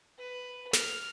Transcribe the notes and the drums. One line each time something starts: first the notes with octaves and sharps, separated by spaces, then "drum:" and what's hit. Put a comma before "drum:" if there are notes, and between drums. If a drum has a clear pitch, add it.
B4
F6, drum: snare